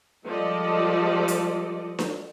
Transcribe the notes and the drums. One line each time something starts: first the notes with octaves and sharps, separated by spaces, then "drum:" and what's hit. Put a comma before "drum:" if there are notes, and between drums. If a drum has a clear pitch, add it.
F3 G3 G#3 A4 D5 D#5
drum: hi-hat
drum: snare D4